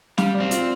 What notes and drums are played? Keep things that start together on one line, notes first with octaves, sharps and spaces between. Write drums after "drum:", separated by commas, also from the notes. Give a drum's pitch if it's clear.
G3 F5, drum: snare
D5
C4
F4, drum: hi-hat